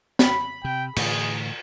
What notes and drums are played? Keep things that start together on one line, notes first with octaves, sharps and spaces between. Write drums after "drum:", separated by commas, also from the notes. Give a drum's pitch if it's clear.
B5, drum: snare
C3 G5
A2 D3 E3 G#4, drum: cymbal